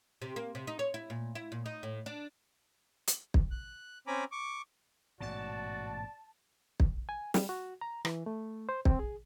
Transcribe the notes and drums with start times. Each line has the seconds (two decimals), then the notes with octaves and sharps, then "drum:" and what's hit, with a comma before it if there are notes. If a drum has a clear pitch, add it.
0.22 C3
0.36 A#3
0.55 C3
0.67 D#4
0.79 C#5
0.94 E4
1.10 A#2
1.35 E4
1.52 A#2
1.66 D#4
1.83 A2
2.06 D4
3.08 drum: hi-hat
3.34 drum: kick
3.51 F#6
4.07 C4 C#4 G#5 A#5 B5 D6
4.32 C#6 D6
5.20 A1 G#2 B2 F#4 D5 A5
6.80 drum: kick
7.09 G#5
7.34 G3, drum: snare
7.49 F#4
7.81 A#5
8.05 E3, drum: rim click
8.26 A3
8.69 C5
8.85 C4, drum: kick
8.99 G#4